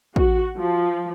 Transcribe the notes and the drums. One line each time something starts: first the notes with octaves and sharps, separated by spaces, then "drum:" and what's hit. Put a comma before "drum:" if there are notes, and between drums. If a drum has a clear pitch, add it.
F#4, drum: kick
F3